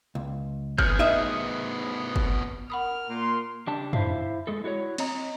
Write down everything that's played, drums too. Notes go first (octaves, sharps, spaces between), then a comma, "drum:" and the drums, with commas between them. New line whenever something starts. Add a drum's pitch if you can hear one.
C#2
A2 B3 G#4 F6 G6, drum: kick F#1
D#4 D#5 E5
drum: kick F#1
A#4 F#5 B5 D#6 F6
A#2 C6
C#3 D4 G4 A5
E4 C5 E5 F5, drum: tom
G#3 G#4 A4
E4 F#4 A#4 C#5
C4 C#5 D#5 A#5, drum: cymbal